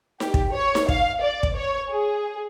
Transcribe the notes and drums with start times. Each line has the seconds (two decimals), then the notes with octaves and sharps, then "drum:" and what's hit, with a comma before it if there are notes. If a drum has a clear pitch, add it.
0.20 G4, drum: snare D#4
0.34 drum: kick
0.52 C#5
0.75 drum: snare D#4
0.89 F5, drum: kick
1.22 D5
1.43 drum: kick
1.55 C#5
1.91 G#4